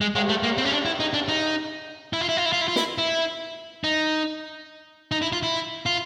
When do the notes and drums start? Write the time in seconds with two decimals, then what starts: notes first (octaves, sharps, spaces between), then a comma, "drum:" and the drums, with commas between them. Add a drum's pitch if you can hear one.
0.01 G#3
0.15 G#3, drum: cymbal
0.29 A3
0.43 A#3
0.58 C4
0.65 C#4
0.72 D4
0.85 E4
1.00 D#4
1.13 D4
1.28 D#4
2.13 E4
2.21 F4
2.29 E4
2.37 F4
2.45 E4
2.53 F4
2.61 E4
2.68 F4
2.76 E4, drum: snare
2.98 E4
3.84 D#4
5.11 D#4
5.22 E4
5.33 F4
5.43 E4
5.86 F4